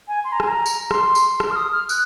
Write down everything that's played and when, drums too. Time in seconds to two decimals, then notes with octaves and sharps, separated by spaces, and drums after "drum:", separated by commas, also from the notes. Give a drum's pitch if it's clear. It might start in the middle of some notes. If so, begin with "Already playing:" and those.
0.08 G#5
0.24 C6
0.32 A#5
0.40 G#5, drum: rim click
0.48 A#5
0.66 drum: tambourine
0.91 C6, drum: rim click
1.15 drum: tambourine
1.40 C6, drum: rim click
1.51 F6
1.56 D#6
1.73 F6
1.89 F#6, drum: tambourine